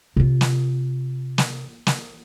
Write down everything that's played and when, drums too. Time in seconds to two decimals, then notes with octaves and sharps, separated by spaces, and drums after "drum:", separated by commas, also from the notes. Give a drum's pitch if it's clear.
0.17 C3 F4
0.41 drum: snare
1.38 drum: snare
1.87 drum: snare